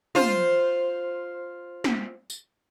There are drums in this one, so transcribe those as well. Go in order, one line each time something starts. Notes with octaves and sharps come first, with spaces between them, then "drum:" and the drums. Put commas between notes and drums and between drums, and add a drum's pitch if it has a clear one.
F4 C5, drum: tom
drum: snare
drum: tambourine